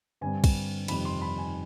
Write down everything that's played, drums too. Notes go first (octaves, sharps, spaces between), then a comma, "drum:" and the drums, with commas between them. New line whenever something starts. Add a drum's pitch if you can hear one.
G2 D3 G3 C4 G#5
drum: kick, cymbal
F2 C3 D#3 G3 B5, drum: cymbal
C6
B5
G#5